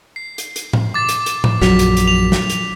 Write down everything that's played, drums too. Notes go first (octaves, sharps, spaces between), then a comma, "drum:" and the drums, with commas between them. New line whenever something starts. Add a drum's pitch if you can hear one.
C7
drum: hi-hat
drum: hi-hat
drum: tom A2
D6 A6
drum: hi-hat
drum: hi-hat
drum: tom A2
A#1 F#2 F#3 B6 F7, drum: snare
drum: hi-hat
drum: hi-hat
F7
drum: snare
drum: hi-hat